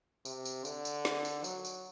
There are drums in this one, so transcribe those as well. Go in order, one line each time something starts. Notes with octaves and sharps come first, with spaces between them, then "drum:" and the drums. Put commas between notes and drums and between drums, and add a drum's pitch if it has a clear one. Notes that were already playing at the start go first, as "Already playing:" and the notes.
C3, drum: tambourine
drum: tambourine
D3, drum: tambourine
drum: tambourine
drum: snare
drum: tambourine
F#3, drum: tambourine
drum: tambourine